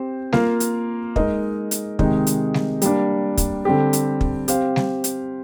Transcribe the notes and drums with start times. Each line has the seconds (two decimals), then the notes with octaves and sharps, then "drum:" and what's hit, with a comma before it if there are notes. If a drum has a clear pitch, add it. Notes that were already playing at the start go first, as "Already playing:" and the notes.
Already playing: C4 G4 C5
0.32 A#3 F4 A#4 F5, drum: snare G3
0.60 drum: hi-hat
1.16 G#3 D#4 A#4 D#5, drum: kick
1.71 drum: hi-hat
1.99 C3 D#3 G#3 D#4, drum: kick
2.27 drum: hi-hat
2.54 drum: snare G3
2.82 G3 A#3 D4, drum: hi-hat
3.37 drum: kick, hi-hat
3.65 D3 G3 C4 G4
3.93 drum: hi-hat
4.21 drum: kick
4.48 C4 G4 C5 F5, drum: hi-hat
4.76 drum: snare G3
5.04 drum: hi-hat